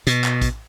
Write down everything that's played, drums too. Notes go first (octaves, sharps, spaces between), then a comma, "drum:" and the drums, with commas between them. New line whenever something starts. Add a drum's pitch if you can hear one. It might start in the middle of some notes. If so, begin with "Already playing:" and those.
B2, drum: hi-hat
drum: clap
drum: kick, hi-hat